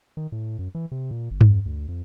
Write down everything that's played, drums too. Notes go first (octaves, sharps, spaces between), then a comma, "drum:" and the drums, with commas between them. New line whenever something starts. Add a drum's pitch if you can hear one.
D#3
A2
F#2
E3
C3
A#2
G1
drum: tom G2
F2
D2
F2